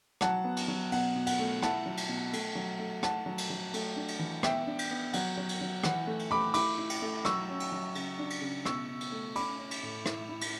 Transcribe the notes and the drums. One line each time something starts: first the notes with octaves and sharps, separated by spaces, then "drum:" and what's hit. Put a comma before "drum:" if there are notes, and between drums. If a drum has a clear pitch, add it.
F#3 F#5 A5, drum: rim click
B3
drum: cymbal
F#3
B2 F#5, drum: cymbal
B2
F#5, drum: cymbal
A3
E4 F#5 A5, drum: rim click
F#3
drum: cymbal
B2
A3, drum: cymbal
F#3
A3
A3 F#5 A5, drum: rim click
F#3
drum: cymbal
F#3
A3, drum: cymbal
D4
drum: cymbal
E3
B3 E5 G5, drum: rim click
D4
drum: cymbal
B3
F#3 F#5, drum: cymbal
F#3
drum: cymbal
F#3
E3 F#5, drum: rim click
A3
drum: cymbal
A3 B5 D6
E4 B5 D6, drum: cymbal
E4
drum: cymbal
A3
F#3 C#6 E6, drum: rim click
C#4
drum: cymbal
F#3
C#3, drum: cymbal
D4
drum: cymbal
C#3
B2 C#6 E6, drum: rim click
B2
drum: cymbal
A3
C#4 B5 D6, drum: cymbal
C#4
drum: cymbal
A2
E4, drum: rim click
E4
drum: cymbal